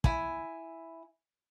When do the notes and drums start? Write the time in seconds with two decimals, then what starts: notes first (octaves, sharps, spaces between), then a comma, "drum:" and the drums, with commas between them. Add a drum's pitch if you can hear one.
0.04 E4 G#5, drum: kick